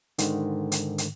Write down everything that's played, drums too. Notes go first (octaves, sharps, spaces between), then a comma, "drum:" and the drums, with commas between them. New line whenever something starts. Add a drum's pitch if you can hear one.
G#2 D3 D#3, drum: hi-hat
drum: hi-hat
drum: hi-hat